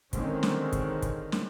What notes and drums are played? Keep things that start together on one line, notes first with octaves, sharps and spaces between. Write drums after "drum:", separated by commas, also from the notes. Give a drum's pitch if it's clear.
D3 D#3 G#3 C4 C#4, drum: kick, hi-hat
drum: snare
drum: kick, hi-hat
drum: kick, hi-hat
drum: snare